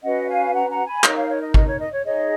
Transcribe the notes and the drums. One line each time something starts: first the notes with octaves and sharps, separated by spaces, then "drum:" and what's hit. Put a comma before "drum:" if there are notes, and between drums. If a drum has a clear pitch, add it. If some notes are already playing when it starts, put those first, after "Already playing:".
C#4 F#4 B4 D#5 F#5
F5 G#5
F#5 A#5
F#5 A#5
G#5 B5
D#4 A#4 C#5 D#5, drum: clap
C#5 F5
C#5
D#5
D#5, drum: kick G#1
C#5
D#5
C#5
D#4 G#4 C#5 D#5